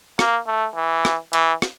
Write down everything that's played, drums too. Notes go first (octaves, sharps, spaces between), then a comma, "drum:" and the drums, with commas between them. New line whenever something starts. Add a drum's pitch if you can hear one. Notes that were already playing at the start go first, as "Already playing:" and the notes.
A#3, drum: rim click
A3
E3
drum: rim click
E3, drum: hi-hat
drum: rim click